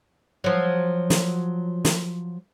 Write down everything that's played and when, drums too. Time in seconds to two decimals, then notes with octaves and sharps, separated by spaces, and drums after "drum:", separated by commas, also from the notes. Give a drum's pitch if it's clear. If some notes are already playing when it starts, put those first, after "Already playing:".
0.44 F3 F#3
1.10 drum: snare
1.85 drum: snare